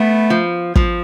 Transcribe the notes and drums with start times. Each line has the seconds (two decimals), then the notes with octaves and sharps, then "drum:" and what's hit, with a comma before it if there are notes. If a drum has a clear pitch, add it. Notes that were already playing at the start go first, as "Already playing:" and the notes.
Already playing: A3 B3
0.30 F3
0.76 F3, drum: kick